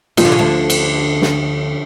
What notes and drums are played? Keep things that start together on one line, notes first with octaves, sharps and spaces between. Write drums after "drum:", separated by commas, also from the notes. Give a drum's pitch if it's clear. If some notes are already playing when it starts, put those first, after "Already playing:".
D#3 F3, drum: cymbal
D3
C#3
D2 D3
drum: cymbal
drum: snare